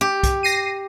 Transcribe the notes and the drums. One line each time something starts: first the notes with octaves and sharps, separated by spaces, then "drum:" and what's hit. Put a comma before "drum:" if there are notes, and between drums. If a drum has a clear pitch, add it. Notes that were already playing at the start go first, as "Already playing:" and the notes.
G4
drum: kick B1, hi-hat
A#6 C7 D#7